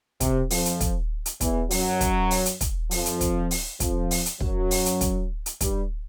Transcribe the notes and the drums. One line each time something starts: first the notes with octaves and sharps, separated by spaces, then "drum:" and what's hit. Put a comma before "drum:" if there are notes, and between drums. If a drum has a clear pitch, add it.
C3, drum: kick, hi-hat
F2 F3, drum: open hi-hat
drum: hi-hat
drum: kick, hi-hat
drum: hi-hat
E2 E3, drum: kick, hi-hat
F#2 F#3, drum: open hi-hat
drum: kick, hi-hat
drum: open hi-hat
drum: hi-hat
drum: kick, hi-hat
F2 F3, drum: open hi-hat
drum: hi-hat
drum: kick, hi-hat
drum: open hi-hat
F2 F3, drum: kick, hi-hat
drum: open hi-hat
drum: hi-hat
F#2 F#3, drum: kick
drum: open hi-hat
drum: hi-hat
drum: kick, hi-hat
drum: hi-hat
G2 G3, drum: kick, hi-hat